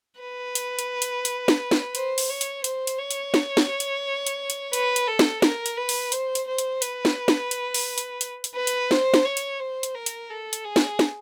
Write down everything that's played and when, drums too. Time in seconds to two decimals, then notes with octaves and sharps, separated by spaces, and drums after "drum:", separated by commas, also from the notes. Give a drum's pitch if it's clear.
0.21 B4
0.55 drum: hi-hat
0.79 drum: hi-hat
1.02 drum: hi-hat
1.25 drum: hi-hat
1.48 drum: snare
1.71 drum: snare
1.95 C5, drum: hi-hat
2.18 drum: open hi-hat
2.29 C#5
2.41 drum: hi-hat
2.64 C5, drum: hi-hat
2.87 drum: hi-hat
2.99 C#5
3.11 drum: hi-hat
3.34 drum: snare
3.57 drum: snare
3.80 drum: hi-hat
4.27 drum: hi-hat
4.50 drum: hi-hat
4.73 B4, drum: hi-hat
4.96 drum: hi-hat
5.08 A4
5.19 drum: snare
5.42 A#4, drum: snare
5.66 drum: hi-hat
5.77 B4
5.89 drum: open hi-hat
6.12 C5, drum: hi-hat
6.35 drum: hi-hat
6.47 C5
6.58 drum: hi-hat
6.82 B4, drum: hi-hat
7.05 drum: snare
7.28 drum: snare
7.51 drum: hi-hat
7.74 drum: open hi-hat
7.98 drum: hi-hat
8.21 drum: hi-hat
8.44 drum: hi-hat
8.55 B4
8.67 drum: hi-hat
8.91 C5, drum: snare
9.14 drum: snare
9.25 C#5
9.37 drum: hi-hat
9.60 C5
9.83 drum: hi-hat
9.95 A#4
10.06 drum: hi-hat
10.30 A4
10.53 drum: hi-hat
10.64 G#4
10.76 drum: snare
10.99 drum: snare